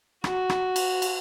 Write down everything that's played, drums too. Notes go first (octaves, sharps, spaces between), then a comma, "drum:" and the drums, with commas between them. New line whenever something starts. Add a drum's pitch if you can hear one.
F#4, drum: rim click
drum: rim click
drum: cymbal
drum: cymbal